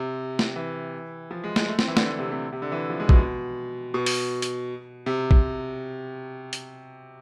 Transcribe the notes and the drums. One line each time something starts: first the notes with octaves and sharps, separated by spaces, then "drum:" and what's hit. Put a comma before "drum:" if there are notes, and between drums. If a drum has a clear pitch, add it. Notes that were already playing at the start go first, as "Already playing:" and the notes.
Already playing: C3
drum: snare
E3
F3
G#3
G#3, drum: snare
A3
C4, drum: snare
E3
D3, drum: snare
D3
C3
C3
C3
D3
E3
F3
G#3
B2, drum: kick A1
B2
drum: open hi-hat
drum: hi-hat
C3
drum: kick A1
drum: hi-hat